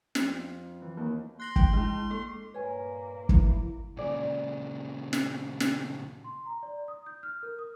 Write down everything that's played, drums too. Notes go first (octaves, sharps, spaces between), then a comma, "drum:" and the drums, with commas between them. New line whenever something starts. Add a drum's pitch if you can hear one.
F2, drum: snare
E3
D#2
C6 F#6 A#6 F#7
G5, drum: kick
G#3 D4 E4
A#3 A4
G2 A#2 A#3 B4 C#5 G#5
E4, drum: kick
A#2 C#3 G#4 D5
drum: snare
drum: snare
C6
A#5
D5
D#6
G6
F6
A#4
D#6